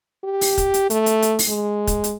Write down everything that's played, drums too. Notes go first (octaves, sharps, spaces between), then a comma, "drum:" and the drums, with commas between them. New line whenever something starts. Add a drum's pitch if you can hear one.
G4
drum: open hi-hat
drum: kick, hi-hat
drum: hi-hat
A3, drum: hi-hat
drum: hi-hat
drum: hi-hat
drum: open hi-hat
G#3
drum: kick, hi-hat
drum: hi-hat